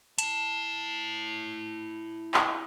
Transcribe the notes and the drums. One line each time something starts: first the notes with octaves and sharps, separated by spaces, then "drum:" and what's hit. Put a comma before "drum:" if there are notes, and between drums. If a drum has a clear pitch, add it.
E4 A5, drum: hi-hat
drum: clap